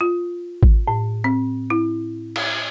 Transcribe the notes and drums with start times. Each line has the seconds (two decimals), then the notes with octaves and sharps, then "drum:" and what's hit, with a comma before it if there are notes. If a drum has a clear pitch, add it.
0.01 F4
0.63 drum: kick G#1
0.88 A2
1.24 C4
1.70 E4
2.36 drum: cymbal